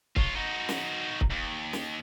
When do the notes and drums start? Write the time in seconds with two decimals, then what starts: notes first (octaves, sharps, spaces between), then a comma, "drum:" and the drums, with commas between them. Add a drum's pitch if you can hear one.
0.16 F4 C#5, drum: kick
0.36 D#4 F#4
0.69 drum: snare
1.21 drum: kick
1.31 D#2
1.73 drum: snare